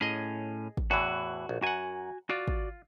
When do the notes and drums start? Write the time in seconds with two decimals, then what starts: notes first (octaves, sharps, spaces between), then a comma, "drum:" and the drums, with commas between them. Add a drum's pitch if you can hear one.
0.01 A2 C#4 G#4 D#5
0.77 drum: kick
0.91 E2 A2 E3 F#4
1.49 A#1
1.62 F#2 F#4 F#5 G#5
2.30 F4 F#4 D5
2.48 drum: kick